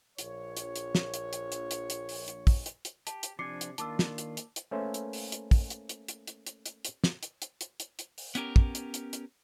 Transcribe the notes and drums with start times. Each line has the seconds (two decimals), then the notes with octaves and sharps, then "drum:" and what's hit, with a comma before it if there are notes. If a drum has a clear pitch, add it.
0.18 A#1 C#5, drum: hi-hat
0.57 drum: hi-hat
0.76 drum: hi-hat
0.95 drum: snare
1.14 drum: hi-hat
1.33 drum: hi-hat
1.52 drum: hi-hat
1.71 drum: hi-hat
1.90 drum: hi-hat
2.09 drum: open hi-hat
2.28 drum: hi-hat
2.47 drum: kick, open hi-hat
2.66 drum: hi-hat
2.85 drum: hi-hat
3.07 G4 A5, drum: hi-hat
3.23 drum: hi-hat
3.39 C3 F3 D4 G#5 D6 C7 C#7
3.61 drum: hi-hat
3.78 D#3 A#3 D4 F4 A5 D6 E6, drum: hi-hat
3.99 drum: snare
4.18 drum: hi-hat
4.37 drum: hi-hat
4.56 drum: hi-hat
4.71 A3 A#3 C#4 B4 C5 E5
4.94 drum: hi-hat
5.13 drum: open hi-hat
5.32 drum: hi-hat
5.51 drum: kick, open hi-hat
5.70 drum: hi-hat
5.89 drum: hi-hat
6.08 drum: hi-hat
6.27 drum: hi-hat
6.47 drum: hi-hat
6.66 drum: hi-hat
6.85 drum: hi-hat
7.04 drum: snare
7.23 drum: hi-hat
7.42 drum: hi-hat
7.61 drum: hi-hat
7.80 drum: hi-hat
7.99 drum: hi-hat
8.18 drum: open hi-hat
8.35 B3 C#4 G4 A#4, drum: hi-hat
8.56 drum: kick
8.75 drum: hi-hat
8.94 drum: hi-hat
9.13 drum: hi-hat